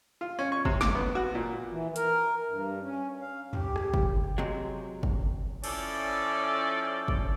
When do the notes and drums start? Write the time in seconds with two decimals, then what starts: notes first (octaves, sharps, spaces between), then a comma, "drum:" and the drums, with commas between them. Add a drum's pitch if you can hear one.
0.21 F4
0.39 C#4
0.52 C#6
0.65 C3, drum: kick
0.81 D6, drum: snare
0.95 B3
1.15 F#4
1.35 A#2
1.71 E3
1.96 A#4, drum: hi-hat
2.49 G2
2.81 C#4
3.21 F5
3.53 G4, drum: tom
3.76 drum: rim click
3.94 drum: kick
4.38 C3 F#3 G#3
5.03 drum: kick
5.64 F3 C#4 E4 A4 D5, drum: cymbal
7.08 drum: kick